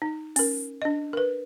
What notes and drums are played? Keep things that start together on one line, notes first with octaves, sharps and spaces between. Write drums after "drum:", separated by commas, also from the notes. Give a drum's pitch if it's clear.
D#4
C#4 A#4, drum: open hi-hat
D4 D#5
A#4 B4